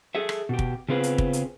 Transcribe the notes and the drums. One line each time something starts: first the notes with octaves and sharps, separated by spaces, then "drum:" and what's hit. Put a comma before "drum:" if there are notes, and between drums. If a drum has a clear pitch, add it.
G#4 A4 E5
drum: rim click
B2 G4
drum: kick
C#3 B3 C4 F4 G#4 B4
drum: hi-hat
drum: kick
drum: hi-hat